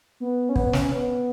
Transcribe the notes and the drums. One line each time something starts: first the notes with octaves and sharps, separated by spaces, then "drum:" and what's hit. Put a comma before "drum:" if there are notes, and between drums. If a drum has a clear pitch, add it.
B3
C#4
B3, drum: kick
C#4, drum: snare
B3